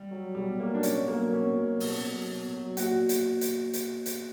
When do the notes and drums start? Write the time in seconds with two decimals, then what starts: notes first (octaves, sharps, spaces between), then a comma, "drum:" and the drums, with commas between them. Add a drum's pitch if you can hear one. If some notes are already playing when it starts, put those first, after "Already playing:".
Already playing: G3
0.11 F#3
0.35 B2 G3
0.59 F#3 A#3
0.74 D4
0.83 B2 C#4, drum: hi-hat
1.08 F#3 A#3
1.31 B2 C#4
1.56 F#3
1.80 B2, drum: open hi-hat
2.04 F#3
2.29 B2
2.53 F#3
2.77 A#2 F#4, drum: hi-hat
3.09 drum: hi-hat
3.41 drum: hi-hat
3.73 drum: hi-hat
4.06 drum: hi-hat